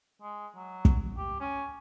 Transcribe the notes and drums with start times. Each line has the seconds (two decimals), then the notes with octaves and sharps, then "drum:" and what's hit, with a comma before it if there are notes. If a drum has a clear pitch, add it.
0.22 G#3
0.55 F#3
0.85 drum: kick
1.17 G4
1.40 C#4